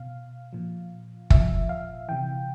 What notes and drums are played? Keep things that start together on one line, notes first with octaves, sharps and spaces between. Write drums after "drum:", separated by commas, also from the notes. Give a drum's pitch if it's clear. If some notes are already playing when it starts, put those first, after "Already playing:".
Already playing: B2 F5
A#2 F3
A#2 F3 E5, drum: kick
F5
C3 E3 G5